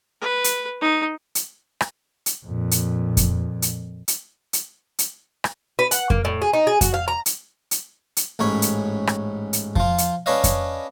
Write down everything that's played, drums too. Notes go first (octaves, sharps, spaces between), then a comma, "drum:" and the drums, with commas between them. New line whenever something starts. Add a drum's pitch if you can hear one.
B4
drum: hi-hat
D#4
drum: hi-hat
drum: rim click
drum: hi-hat
F2 A#2
drum: hi-hat
drum: kick F2, hi-hat
drum: hi-hat
drum: hi-hat
drum: hi-hat
drum: hi-hat
drum: rim click
B4
F#5, drum: hi-hat
A#3, drum: kick F2
A2
G#4
D#4
G#4
F#4, drum: kick F2, hi-hat
F5
A#5
drum: hi-hat
drum: hi-hat
drum: hi-hat
A1 G#2 C#4 C#5 B5
drum: hi-hat
drum: rim click
drum: hi-hat
F3 F4, drum: kick F2
drum: hi-hat
C#4 D4 B4 C#5 D#5 F5
drum: kick F2, hi-hat